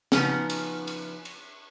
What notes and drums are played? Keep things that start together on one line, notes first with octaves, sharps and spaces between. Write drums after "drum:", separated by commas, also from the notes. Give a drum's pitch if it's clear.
C#3 F3 B3 C#4 D#4 F#4, drum: snare
drum: cymbal
drum: cymbal
drum: cymbal